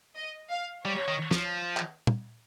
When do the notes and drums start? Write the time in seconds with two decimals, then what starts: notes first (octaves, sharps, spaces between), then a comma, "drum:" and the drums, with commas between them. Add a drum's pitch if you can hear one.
0.15 D#5
0.50 F5
0.85 G3 C#5
1.08 D#3
1.31 F3, drum: snare
1.77 drum: clap
2.07 drum: tom A#2